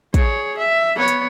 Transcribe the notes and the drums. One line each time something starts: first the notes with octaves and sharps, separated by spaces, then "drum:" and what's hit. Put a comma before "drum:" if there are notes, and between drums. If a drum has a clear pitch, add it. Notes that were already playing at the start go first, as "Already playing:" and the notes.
G#4 C#5, drum: kick, hi-hat
E5
B3 C#5
drum: hi-hat